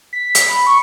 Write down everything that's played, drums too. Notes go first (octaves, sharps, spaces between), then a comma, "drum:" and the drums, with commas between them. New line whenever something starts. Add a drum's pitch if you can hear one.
B6
drum: hi-hat
B5
C#6